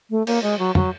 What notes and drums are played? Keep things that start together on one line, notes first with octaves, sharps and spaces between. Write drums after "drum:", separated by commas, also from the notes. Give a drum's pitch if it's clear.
A3
A#3, drum: cymbal
G#3
F#3
F#3, drum: tom